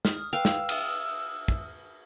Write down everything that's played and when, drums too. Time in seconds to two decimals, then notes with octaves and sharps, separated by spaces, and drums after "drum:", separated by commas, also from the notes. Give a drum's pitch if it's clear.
0.05 D#6 F6, drum: snare
0.33 B4 F5 G5 E6
0.45 drum: snare
0.69 E5 D#6 F6, drum: cymbal
1.48 drum: kick